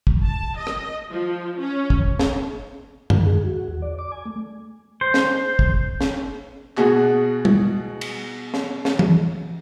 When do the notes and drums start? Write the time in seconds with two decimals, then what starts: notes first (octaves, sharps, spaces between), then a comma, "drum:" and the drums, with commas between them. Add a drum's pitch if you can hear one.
0.07 drum: kick
0.22 A5
0.56 D#5
0.67 drum: rim click
1.10 F3
1.61 C#4
1.90 drum: kick
2.19 drum: snare
3.10 G3, drum: tom F#2
3.25 G#4
3.44 F#4
3.68 E2
3.82 D5
3.99 D6
4.12 G#5
4.25 A3
5.01 C5
5.14 drum: snare
5.59 drum: kick
6.01 drum: snare
6.77 B2 F#4 G#4, drum: clap
7.45 drum: tom
8.01 drum: cymbal
8.54 drum: snare
8.85 drum: snare
8.99 drum: tom